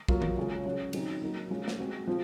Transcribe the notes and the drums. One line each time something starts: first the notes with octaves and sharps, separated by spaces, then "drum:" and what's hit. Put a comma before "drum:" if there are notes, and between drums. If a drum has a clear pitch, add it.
F#3 A#3 F4, drum: kick
drum: tom D#3
C#3 G#3 C#4 F4 G#4
C#3 F#3 C#4 F#4
D#3 F#3 C4 D#4 G#4, drum: cymbal
F#3 A#3 D#4 F#4
F3 G#3 C#4 F4 G#4
drum: snare
G#3 C4 F#4
F3 C4